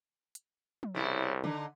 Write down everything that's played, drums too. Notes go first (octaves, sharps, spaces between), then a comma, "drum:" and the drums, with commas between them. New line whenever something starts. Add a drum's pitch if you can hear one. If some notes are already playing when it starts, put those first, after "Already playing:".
drum: hi-hat
drum: tom F3
C2 C#3 E4
D3 D#4, drum: tom D3